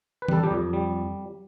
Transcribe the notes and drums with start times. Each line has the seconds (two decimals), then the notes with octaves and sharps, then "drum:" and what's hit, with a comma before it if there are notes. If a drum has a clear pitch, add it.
0.22 B4
0.28 G3 A4, drum: tom
0.43 G3 G4
0.51 F2
0.73 G3